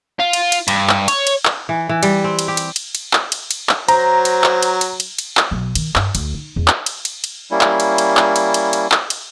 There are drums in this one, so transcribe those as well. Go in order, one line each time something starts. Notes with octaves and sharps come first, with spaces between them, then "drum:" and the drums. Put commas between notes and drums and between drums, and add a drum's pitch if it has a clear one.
F4
drum: cymbal
drum: cymbal
G2, drum: cymbal
drum: clap
C#5, drum: cymbal
drum: cymbal
drum: clap
E3
E3
G3, drum: cymbal
C4
drum: cymbal
G4
drum: cymbal
drum: cymbal
drum: cymbal
drum: clap
drum: cymbal
drum: cymbal
drum: clap
F#3 C5 A#5, drum: cymbal
drum: cymbal
drum: clap
drum: cymbal
drum: cymbal
drum: cymbal
drum: cymbal
drum: clap
B1
D#3, drum: cymbal
G2, drum: clap
D2, drum: cymbal
D#4
E2
drum: clap
drum: cymbal
drum: cymbal
drum: cymbal
G3 A#3 C#4 E4
drum: clap
drum: cymbal
drum: cymbal
drum: clap
drum: cymbal
drum: cymbal
drum: cymbal
drum: clap
drum: cymbal